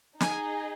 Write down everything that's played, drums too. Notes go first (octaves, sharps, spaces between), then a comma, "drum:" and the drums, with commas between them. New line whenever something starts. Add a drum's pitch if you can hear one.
D#4 G#4 D#5 G#5, drum: snare